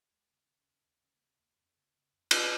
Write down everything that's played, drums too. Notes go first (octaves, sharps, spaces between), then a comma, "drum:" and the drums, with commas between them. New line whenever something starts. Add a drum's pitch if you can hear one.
D#2 G#3
C#3
B3
C#4
C#3 B3
C#4
D#2
D#2
C#3 C#4
A#3
C#3 B3
D#2 A#3
F2 B3
C#3
C#3
F2
F2, drum: cymbal